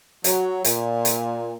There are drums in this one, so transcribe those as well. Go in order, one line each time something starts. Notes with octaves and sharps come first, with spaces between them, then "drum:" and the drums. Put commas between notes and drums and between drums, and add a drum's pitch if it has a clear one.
F#3, drum: hi-hat
A#2, drum: hi-hat
drum: hi-hat